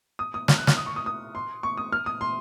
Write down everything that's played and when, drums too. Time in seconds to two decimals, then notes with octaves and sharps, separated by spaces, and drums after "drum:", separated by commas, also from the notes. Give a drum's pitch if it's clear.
0.19 D#6
0.34 D#6
0.48 F6, drum: snare
0.58 F#6
0.67 F6, drum: snare
0.77 D#6
0.86 C#6
0.96 D#6
1.06 D#6
1.35 C6
1.63 C#6
1.77 D#6
1.92 F6
2.06 D#6
2.21 C6